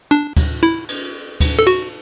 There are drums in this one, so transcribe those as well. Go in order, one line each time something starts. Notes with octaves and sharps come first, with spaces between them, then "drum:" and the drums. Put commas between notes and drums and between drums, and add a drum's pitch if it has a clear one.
D4
drum: kick D2, cymbal
E4
drum: cymbal
drum: kick D2, cymbal
A4
F#4